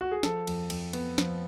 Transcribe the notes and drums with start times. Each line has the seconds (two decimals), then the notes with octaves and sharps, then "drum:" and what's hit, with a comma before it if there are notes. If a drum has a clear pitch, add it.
0.01 F#4
0.12 G#4
0.23 F3 A4, drum: snare
0.47 F2, drum: cymbal
0.70 F2, drum: cymbal
0.93 B3, drum: cymbal
1.18 F3, drum: snare